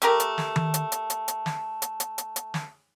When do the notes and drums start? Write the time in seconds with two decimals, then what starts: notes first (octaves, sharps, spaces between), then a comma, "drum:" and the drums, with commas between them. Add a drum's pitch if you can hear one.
0.02 A3 G4 A#4, drum: hi-hat
0.20 drum: hi-hat
0.38 drum: snare
0.56 drum: tom D#3
0.74 drum: hi-hat
0.92 drum: hi-hat
1.10 drum: hi-hat
1.28 drum: hi-hat
1.46 drum: snare
1.82 drum: hi-hat
2.00 drum: hi-hat
2.18 drum: hi-hat
2.36 drum: hi-hat
2.54 drum: snare